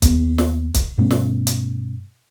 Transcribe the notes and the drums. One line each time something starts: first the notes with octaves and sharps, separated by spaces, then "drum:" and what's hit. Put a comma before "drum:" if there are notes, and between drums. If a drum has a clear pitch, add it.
D#2 B3, drum: kick, hi-hat
drum: snare
drum: kick, hi-hat
G2 B2 A3 C#4
drum: snare
drum: hi-hat